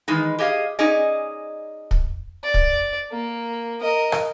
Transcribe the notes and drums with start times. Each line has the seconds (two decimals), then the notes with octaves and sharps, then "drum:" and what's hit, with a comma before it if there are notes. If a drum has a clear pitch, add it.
0.08 D#3 E3 G#3 D#4
0.38 G4 G#4 D#5 F5
0.79 C#4 D#4 G#4 D5 D#5
1.91 drum: kick
2.44 D5
2.54 drum: kick
3.11 A#3
3.81 A#4 D#5
4.12 drum: rim click